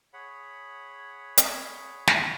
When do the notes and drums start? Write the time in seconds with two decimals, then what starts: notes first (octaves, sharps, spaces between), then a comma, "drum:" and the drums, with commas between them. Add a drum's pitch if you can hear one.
0.13 G#4 C#5 F#5 B5
1.37 drum: hi-hat
2.07 drum: snare